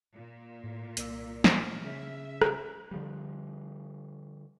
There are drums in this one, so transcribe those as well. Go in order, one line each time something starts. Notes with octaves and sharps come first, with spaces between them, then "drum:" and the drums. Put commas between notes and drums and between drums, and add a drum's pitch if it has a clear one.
A#2
A2
C2 A#3 D5 E6, drum: hi-hat
F6, drum: snare
C#3 E5
drum: rim click
D3 F3 G3